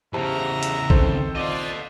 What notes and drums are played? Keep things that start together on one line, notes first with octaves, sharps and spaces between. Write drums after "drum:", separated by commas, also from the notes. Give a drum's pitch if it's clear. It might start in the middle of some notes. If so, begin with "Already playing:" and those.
E2 C#3 G4 C5 E5 F#5 A5 A#5
drum: hi-hat
D#3 C4 A4 C5, drum: kick A#1
F4 D5 D#5 F#5